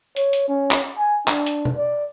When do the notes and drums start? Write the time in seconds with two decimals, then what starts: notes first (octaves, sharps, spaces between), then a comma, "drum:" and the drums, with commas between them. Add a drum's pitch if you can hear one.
0.16 C#5, drum: hi-hat
0.33 drum: hi-hat
0.48 C#4
0.71 drum: clap
0.98 G#5
1.28 D4, drum: clap
1.46 drum: hi-hat
1.65 drum: tom
1.77 D5